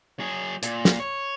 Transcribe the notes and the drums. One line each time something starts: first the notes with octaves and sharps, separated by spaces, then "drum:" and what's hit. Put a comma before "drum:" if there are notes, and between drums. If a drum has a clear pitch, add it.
F#3 G#4
A#2, drum: hi-hat
drum: snare
C#5